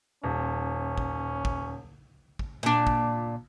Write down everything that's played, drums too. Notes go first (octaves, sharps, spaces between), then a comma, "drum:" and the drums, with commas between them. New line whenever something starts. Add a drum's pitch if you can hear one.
D#1 C#4
drum: kick
drum: kick
drum: kick
A#2 D4
drum: kick